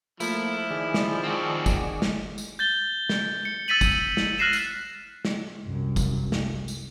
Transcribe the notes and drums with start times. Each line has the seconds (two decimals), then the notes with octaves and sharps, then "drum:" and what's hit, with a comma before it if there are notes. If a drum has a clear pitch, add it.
0.20 F3 A3 A#3 E4, drum: tambourine
0.70 D#3 G#4 D5
0.94 drum: snare
1.24 C4 F#4
1.66 drum: kick G1, tambourine
2.02 drum: snare
2.38 drum: tambourine
2.59 G6 A6 G7
3.09 drum: snare
3.45 C#7
3.68 E6 A6 B6 D#7 F#7
3.81 drum: kick G1, tambourine
4.17 drum: snare
4.38 F6 F#6 A#6 C7 E7 F#7
4.53 drum: tambourine
5.25 drum: snare
5.66 C2 F#2
5.96 drum: kick G1, tambourine
6.32 drum: snare
6.68 drum: tambourine